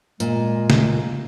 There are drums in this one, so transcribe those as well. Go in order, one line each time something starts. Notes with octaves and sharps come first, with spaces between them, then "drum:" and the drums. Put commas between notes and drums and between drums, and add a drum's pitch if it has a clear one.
A#2 G#3, drum: tambourine
drum: snare